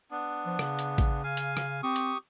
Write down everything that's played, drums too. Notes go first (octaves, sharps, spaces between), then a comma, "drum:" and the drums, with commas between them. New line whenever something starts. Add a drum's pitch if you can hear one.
B3 D4
F3
C#3, drum: rim click
drum: hi-hat
drum: kick A1, hi-hat
F5 G#5
drum: hi-hat
drum: rim click
C4 G4 C#6 D#6
drum: hi-hat